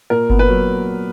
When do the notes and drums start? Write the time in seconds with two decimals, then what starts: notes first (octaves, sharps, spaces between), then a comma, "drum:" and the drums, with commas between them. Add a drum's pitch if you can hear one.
0.10 A#2 A#4
0.30 B3, drum: kick G1
0.39 B4
0.48 F#3